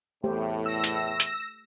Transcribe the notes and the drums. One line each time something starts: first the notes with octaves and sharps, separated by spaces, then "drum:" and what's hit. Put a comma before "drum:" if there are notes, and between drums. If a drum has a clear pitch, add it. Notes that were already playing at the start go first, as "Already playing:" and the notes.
E2 A2 A3 G4 C5
E6 A#6
drum: hi-hat
drum: hi-hat